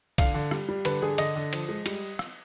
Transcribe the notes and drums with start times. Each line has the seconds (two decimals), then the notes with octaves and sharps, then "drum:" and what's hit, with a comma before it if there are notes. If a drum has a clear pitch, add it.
0.18 D3 F5, drum: kick, cymbal
0.34 D3
0.51 G3, drum: rim click
0.68 G3
0.85 D3 B4, drum: cymbal
1.02 D3 G#4
1.18 D3 D#5, drum: cymbal
1.36 D3
1.53 F3, drum: cymbal
1.69 G#3
1.86 G3, drum: cymbal
2.19 drum: rim click